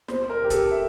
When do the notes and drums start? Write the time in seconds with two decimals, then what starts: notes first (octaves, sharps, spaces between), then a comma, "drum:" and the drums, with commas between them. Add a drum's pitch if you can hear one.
0.08 C5, drum: snare
0.29 A#4
0.44 G4
0.50 A4, drum: kick, hi-hat
0.71 E5